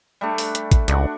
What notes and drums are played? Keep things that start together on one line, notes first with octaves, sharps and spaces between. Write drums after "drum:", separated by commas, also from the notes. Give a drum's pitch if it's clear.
G3 A3 D4
drum: open hi-hat
drum: hi-hat
drum: kick, hi-hat
C#2 D4 F#4, drum: hi-hat